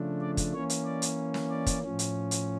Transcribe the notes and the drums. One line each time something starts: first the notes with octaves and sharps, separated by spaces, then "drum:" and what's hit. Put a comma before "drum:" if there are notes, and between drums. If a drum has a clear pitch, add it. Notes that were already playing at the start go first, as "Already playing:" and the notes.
Already playing: C#3 F3 A3 D4
D5
drum: kick, hi-hat
E3 A#3 C#4 C#5
drum: hi-hat
D5
drum: hi-hat
drum: snare
D5
drum: kick, hi-hat
A2 F3 C#4
drum: hi-hat
drum: hi-hat